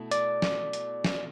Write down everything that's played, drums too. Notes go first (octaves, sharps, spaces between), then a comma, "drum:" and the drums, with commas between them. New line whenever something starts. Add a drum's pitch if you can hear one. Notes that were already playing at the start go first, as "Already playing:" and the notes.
Already playing: B2 A3 E4
D5, drum: hi-hat
drum: snare
drum: hi-hat
drum: snare